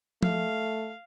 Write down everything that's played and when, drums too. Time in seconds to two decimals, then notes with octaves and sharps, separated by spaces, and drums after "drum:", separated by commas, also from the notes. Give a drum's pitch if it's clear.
0.23 A3 F5, drum: tom F3